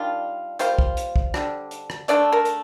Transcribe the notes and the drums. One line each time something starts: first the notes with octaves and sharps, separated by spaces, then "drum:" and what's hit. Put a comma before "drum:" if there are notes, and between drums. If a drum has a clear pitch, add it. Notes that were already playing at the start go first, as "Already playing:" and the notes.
Already playing: D#3 G3 D4 F4
G3 A#3 F4 C5, drum: hi-hat
drum: kick
drum: hi-hat
drum: kick
D3 G3 D4, drum: rim click
drum: hi-hat
drum: rim click
D3 A3 D4 D5, drum: hi-hat
A#4
drum: hi-hat